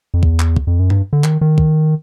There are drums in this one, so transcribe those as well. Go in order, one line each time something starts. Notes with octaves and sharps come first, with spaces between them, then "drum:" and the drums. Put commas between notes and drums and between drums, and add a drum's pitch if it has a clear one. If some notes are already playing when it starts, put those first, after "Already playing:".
F2
E2, drum: kick
drum: clap
drum: kick
F2
F#2
G2, drum: tom G#2
D3
D#3, drum: clap
D#3
drum: kick